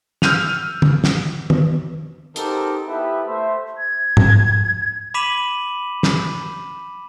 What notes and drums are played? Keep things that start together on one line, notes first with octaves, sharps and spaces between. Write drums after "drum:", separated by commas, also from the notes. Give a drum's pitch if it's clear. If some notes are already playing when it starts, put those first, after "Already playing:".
E6 F6 G6 D#7 F7, drum: snare
drum: tom
drum: snare
drum: tom
C4 D#4 F#4 G4 A4 A#4, drum: hi-hat
B3 E4 G4 A4 B4 E5
A3 C5 E5
G#6
drum: tom G#2
B5 D6 B6 D#7 E7 F#7
drum: snare